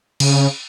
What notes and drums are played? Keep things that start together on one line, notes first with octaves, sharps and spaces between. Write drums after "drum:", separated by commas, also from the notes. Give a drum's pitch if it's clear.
C#3, drum: cymbal